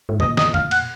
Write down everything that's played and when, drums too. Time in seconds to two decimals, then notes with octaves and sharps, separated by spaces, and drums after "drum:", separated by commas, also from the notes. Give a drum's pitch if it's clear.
0.09 G#2
0.20 A#2 D#5, drum: tom F2
0.37 D#5, drum: snare
0.54 F5, drum: tom F2
0.71 F#5, drum: cymbal